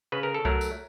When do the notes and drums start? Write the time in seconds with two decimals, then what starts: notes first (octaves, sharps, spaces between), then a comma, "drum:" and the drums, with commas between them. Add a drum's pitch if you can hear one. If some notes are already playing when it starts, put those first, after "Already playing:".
0.12 C#3 B4
0.23 A#4
0.34 A4
0.45 F#3 A3 A#4, drum: kick C2
0.61 drum: tambourine